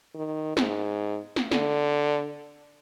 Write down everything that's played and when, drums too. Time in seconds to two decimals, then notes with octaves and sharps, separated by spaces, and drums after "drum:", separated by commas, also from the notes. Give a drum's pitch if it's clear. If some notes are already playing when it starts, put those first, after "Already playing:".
0.15 D#3
0.57 G#2, drum: snare
1.36 drum: snare
1.51 D3, drum: snare